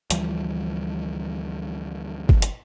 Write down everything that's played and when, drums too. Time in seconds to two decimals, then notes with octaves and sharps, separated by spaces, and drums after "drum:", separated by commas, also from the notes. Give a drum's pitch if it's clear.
0.10 D2 E3 F3 G3, drum: hi-hat
2.29 drum: kick G1
2.42 drum: hi-hat